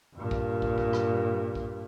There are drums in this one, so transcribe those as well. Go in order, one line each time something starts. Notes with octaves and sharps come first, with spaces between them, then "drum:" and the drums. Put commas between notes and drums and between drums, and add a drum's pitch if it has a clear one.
G2 A#2
drum: kick
drum: kick
drum: kick
drum: rim click
drum: kick